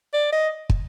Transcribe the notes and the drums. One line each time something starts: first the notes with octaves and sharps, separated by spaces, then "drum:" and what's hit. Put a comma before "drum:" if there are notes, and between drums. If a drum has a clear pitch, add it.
D5
D#5
drum: kick